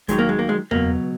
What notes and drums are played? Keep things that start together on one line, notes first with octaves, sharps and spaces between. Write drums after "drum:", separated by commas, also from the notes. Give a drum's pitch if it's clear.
F#2 D#3 F#3 G#3, drum: kick D#2, hi-hat
A#3
G#3
A#3
G#3
C#2 B2 F#3 A#3, drum: tom E2